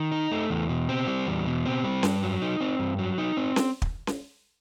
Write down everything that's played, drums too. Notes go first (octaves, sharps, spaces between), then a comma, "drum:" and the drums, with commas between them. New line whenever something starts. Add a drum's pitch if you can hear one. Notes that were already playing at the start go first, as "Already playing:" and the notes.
Already playing: D#3
D#4
A3
E2
B2
C4
G3
E2
B2
C4
G3
G2, drum: snare C#4
F#3
D#4
C4
G2
F#3
D#4
C4
drum: snare C#4
drum: kick
drum: snare C#4